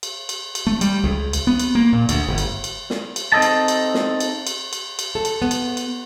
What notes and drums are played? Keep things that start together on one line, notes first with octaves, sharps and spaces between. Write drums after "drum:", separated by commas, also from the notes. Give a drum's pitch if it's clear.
drum: cymbal
drum: cymbal
drum: cymbal
A3
G3, drum: cymbal
C#2
drum: cymbal
B3
drum: cymbal
A#3
A#2
D2, drum: cymbal
G1
drum: cymbal
drum: cymbal
drum: snare
drum: cymbal
C4 D#4 A4 D#5 A5
drum: cymbal
drum: cymbal
drum: snare
drum: cymbal
drum: cymbal
drum: cymbal
drum: cymbal
A4
drum: cymbal
B3
drum: cymbal
drum: cymbal